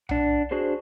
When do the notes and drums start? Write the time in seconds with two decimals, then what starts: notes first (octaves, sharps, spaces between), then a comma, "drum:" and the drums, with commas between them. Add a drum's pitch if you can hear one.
0.09 D4 F#5, drum: tom B1
0.51 D4 F#4 G#4 C5